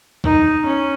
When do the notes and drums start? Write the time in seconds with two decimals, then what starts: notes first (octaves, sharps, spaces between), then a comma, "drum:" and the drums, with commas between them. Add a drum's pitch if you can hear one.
0.24 D#4, drum: kick C2
0.66 C#4